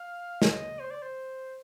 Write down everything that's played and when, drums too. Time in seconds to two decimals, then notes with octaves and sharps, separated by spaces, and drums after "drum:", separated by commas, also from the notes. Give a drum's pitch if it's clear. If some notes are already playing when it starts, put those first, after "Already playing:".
Already playing: F5
0.42 D#5, drum: snare
0.80 C5
0.91 D5
1.02 C5